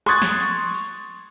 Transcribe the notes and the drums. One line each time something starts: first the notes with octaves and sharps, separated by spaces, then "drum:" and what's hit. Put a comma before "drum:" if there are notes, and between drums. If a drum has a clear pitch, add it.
C6 C#6 D#6 F#6 G#6 A6, drum: rim click
drum: snare
drum: open hi-hat